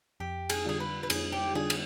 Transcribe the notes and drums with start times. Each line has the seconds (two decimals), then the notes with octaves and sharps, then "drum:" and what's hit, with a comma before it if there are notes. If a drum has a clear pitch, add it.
0.20 F2 G4
0.50 G#4, drum: cymbal
0.65 D3 G3 D4 F4 G#4
0.80 B4
1.03 B4
1.10 F2 G#4, drum: cymbal
1.32 G4
1.55 D3 G3 D4 F4 G#4
1.70 drum: cymbal